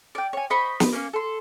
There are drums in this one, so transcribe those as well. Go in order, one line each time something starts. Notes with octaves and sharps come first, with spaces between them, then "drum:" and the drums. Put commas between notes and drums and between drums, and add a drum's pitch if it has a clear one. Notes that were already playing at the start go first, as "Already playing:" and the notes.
D5 G5
C#5 G#5
C5 D#5 B5 C#6
drum: snare
A#3 C#4
A4 C6